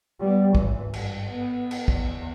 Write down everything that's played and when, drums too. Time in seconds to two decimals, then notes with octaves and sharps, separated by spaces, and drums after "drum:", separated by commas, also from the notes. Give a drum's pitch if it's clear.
0.20 G3 B3
0.55 G#1 E3, drum: kick
0.93 G2, drum: cymbal
1.29 B3
1.71 drum: cymbal
1.88 E2, drum: kick